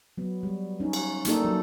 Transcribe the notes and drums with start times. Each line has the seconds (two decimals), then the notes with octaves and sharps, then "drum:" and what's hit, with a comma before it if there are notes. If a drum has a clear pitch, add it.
0.18 F#3 B3
0.43 G3
0.80 C#4 D#4
0.93 drum: cymbal
1.25 A3 A#3 D4 D#4 G4 A4, drum: hi-hat
1.44 F#3